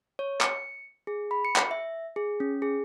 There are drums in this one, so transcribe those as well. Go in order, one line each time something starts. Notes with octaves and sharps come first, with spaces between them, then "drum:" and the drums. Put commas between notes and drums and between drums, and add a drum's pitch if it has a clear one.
C#5
C#7, drum: clap
G#4
B5
C#7
drum: clap
E5
G#4
C#4
G#4